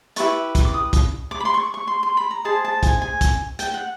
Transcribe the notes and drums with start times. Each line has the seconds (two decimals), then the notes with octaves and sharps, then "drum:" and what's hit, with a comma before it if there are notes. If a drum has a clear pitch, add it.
0.16 E4 G4 B4 D5 C#6, drum: hi-hat
0.55 drum: kick, hi-hat
0.65 D6
0.74 D#6
0.93 drum: kick, hi-hat
1.31 D6
1.40 B5
1.45 C6
1.54 C#6
1.60 D6
1.74 C#6
1.87 C6
2.03 C6
2.17 B5
2.31 A#5
2.44 G#4 C5 D#5 A5
2.65 A5
2.83 G#5, drum: kick, hi-hat
3.02 G#5
3.21 drum: kick, hi-hat
3.59 G5, drum: hi-hat
3.74 F#5